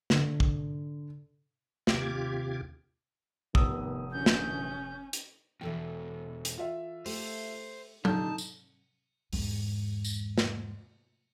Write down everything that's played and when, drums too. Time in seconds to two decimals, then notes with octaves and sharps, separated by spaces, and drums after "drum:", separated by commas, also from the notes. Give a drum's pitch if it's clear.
0.10 D3, drum: snare
0.40 drum: kick
1.87 D#2 C3 F4 G4 D6 G#6, drum: snare
3.55 F1 C3 D#3 B3 D#6 E6, drum: kick
4.12 F#2 D3 E3 C#4 G6
4.26 drum: snare
5.13 drum: hi-hat
5.61 E2 B2 E3 A4 G5
6.45 drum: hi-hat
6.58 F4 E5
7.06 A3 G4 C5, drum: open hi-hat
8.05 A#2 D3 G3 D#4 A5 G6, drum: tom F#3
8.38 drum: tambourine
9.33 E2 G#2, drum: open hi-hat
10.04 drum: tambourine
10.38 drum: snare